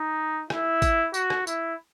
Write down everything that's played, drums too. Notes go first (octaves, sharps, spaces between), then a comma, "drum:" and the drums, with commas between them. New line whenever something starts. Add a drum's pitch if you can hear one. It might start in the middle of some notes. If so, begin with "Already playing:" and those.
Already playing: D#4
E4, drum: rim click
drum: kick, tambourine
F#4, drum: tambourine
drum: rim click
E4, drum: tambourine